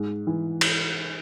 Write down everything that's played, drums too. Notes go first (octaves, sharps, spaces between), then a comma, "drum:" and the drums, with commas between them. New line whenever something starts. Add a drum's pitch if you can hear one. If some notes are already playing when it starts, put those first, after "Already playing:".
Already playing: G#2
E3
drum: cymbal